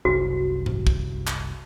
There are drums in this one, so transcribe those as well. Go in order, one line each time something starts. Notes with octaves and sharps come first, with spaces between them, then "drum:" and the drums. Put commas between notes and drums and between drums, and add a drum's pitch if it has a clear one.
F#1 C2 F#4
drum: tom G#2
drum: kick
drum: clap